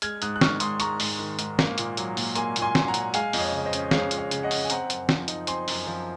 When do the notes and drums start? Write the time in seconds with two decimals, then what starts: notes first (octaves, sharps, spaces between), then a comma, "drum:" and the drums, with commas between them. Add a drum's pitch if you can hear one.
0.02 G#3 F6 G#6, drum: hi-hat
0.22 G#2 D#6 F#6, drum: hi-hat
0.36 F#6
0.41 D#3 C#6 F6, drum: snare
0.60 G#2 C6 D#6, drum: hi-hat
0.80 G#3 A#5 C#6, drum: hi-hat
1.00 G#2, drum: open hi-hat
1.19 D#3
1.39 G#2, drum: hi-hat
1.59 A#3, drum: snare
1.78 A#2, drum: hi-hat
1.97 F#3, drum: hi-hat
2.17 A#2, drum: open hi-hat
2.35 A#3 G#5 C6, drum: hi-hat
2.56 A#2, drum: hi-hat
2.62 G#5 C6
2.75 F#3, drum: snare
2.82 C6
2.88 F#5 A#5
2.94 A#2, drum: hi-hat
3.14 G#3 F5 G#5, drum: hi-hat
3.33 F2 D#5, drum: open hi-hat
3.40 C#5
3.52 C#3
3.65 C5 D#5
3.73 C#4, drum: hi-hat
3.91 G#3 C#5 F5, drum: snare
4.11 F2, drum: hi-hat
4.17 C#5 F5
4.31 C#3, drum: hi-hat
4.43 D#5 F#5
4.51 C#4, drum: open hi-hat
4.64 G#5
4.70 C4 F#5 A#5, drum: hi-hat
4.90 F#2, drum: hi-hat
5.09 F3, drum: snare
5.28 D#4, drum: hi-hat
5.47 C4 G#5 C6, drum: hi-hat
5.68 F#2, drum: open hi-hat
5.87 F3